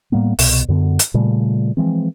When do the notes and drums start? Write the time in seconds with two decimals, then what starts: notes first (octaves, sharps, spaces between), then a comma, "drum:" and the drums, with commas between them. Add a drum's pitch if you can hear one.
0.12 A2 G3 A#3 B3
0.39 C2 B2, drum: open hi-hat
0.68 F#2 D3 B3
0.99 drum: hi-hat
1.14 A#2 C#3 G3 A3
1.77 E3 F3 G#3 C4